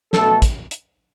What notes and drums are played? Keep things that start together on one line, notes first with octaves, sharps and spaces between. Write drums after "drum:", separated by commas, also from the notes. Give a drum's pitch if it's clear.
B2 A3 A4, drum: snare
drum: kick, hi-hat
drum: hi-hat